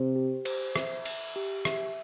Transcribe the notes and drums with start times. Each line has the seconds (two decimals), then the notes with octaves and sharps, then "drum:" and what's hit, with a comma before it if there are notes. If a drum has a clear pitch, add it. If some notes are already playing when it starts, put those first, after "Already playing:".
Already playing: C3 C5
0.15 G4
0.45 C5, drum: cymbal
0.76 E5, drum: rim click
1.05 E5, drum: cymbal
1.36 G4
1.65 E5, drum: rim click